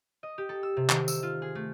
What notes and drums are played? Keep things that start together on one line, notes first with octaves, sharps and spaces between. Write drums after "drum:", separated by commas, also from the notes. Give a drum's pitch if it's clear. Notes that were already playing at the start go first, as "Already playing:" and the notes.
D#5
G4
A4
E6
C3
D#3, drum: clap
E6, drum: tambourine
F4
G#4
A3